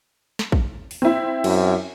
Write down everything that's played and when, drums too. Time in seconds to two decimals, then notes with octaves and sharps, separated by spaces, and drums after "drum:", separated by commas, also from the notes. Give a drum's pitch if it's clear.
0.39 drum: snare
0.52 drum: kick
0.91 drum: open hi-hat
1.02 C4 E4
1.44 F#2, drum: cymbal